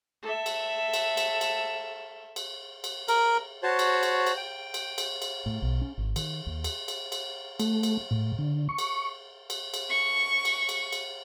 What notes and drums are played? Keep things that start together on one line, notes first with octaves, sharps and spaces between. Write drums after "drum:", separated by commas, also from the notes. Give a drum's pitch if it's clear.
A4 E5
drum: cymbal
drum: cymbal
drum: cymbal
drum: cymbal
drum: cymbal
drum: cymbal
A#4, drum: cymbal
F#4 C5 C#5 A5
drum: cymbal
drum: cymbal
drum: cymbal
G5
drum: cymbal
drum: cymbal
drum: cymbal
A2
B1
C#4
G#1
D#3, drum: cymbal
D#2
drum: cymbal
drum: cymbal
drum: cymbal
A3, drum: cymbal
drum: cymbal
A2
D3
C#6
drum: cymbal
drum: cymbal
drum: cymbal
C#6
drum: cymbal
drum: cymbal
drum: cymbal